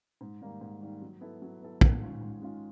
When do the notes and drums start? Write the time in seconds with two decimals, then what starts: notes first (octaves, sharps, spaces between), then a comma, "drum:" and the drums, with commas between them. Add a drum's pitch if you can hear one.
0.21 G#2
0.41 D#3 G3 A#3
0.61 G#2
0.81 D#3 G3 A#3
1.02 F#3
1.21 B3 E4 A4
1.42 F#3
1.62 B3 E4 A4
1.81 G#2, drum: kick
2.01 D#3 G#3 C#4 F4
2.21 G#2
2.41 D#3 G#3 C#4 F4